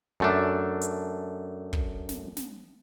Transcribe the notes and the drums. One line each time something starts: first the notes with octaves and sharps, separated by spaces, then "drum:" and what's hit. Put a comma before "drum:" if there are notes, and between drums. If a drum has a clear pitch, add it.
F#2 A3 D4
drum: hi-hat
drum: kick
drum: snare
drum: snare